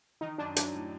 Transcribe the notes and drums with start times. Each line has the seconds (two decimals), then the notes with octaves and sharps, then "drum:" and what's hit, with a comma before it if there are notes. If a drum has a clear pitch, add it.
0.21 D#3 D#4
0.38 F#2 D4
0.56 F#3 D4, drum: hi-hat
0.74 A2